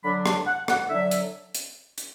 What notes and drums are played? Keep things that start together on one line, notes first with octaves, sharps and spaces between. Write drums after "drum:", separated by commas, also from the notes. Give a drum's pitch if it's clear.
D3 F#3 D4 B5
A5, drum: rim click
F#5
F#5, drum: rim click
D3 F#3 D4 E5
drum: hi-hat
drum: hi-hat
drum: hi-hat